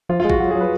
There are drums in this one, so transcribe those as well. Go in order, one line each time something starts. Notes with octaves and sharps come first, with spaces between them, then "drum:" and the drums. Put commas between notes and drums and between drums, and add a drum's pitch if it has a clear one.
F3 F4
F4
G#3
F#4, drum: kick
F#3
G#4
F#3
B4